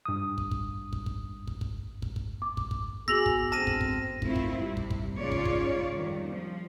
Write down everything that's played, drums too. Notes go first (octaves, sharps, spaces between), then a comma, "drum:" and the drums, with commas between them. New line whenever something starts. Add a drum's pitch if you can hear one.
G2 D#6
drum: kick
drum: kick
drum: kick
drum: kick
drum: kick
drum: kick
drum: kick
drum: kick
D6
drum: kick
drum: kick
B3 F#4 G#4 D6 E6 A#6 F7 F#7
drum: kick
D3 G#3 C4 A5 F6 A#6 D#7
drum: kick
drum: kick
D#3 A3 C4 E4 F4, drum: kick
drum: kick
C3 G3
drum: kick
drum: kick
G#2 C#3 F4 C#5 D5
drum: kick
drum: kick
F2 D#3 G3
F3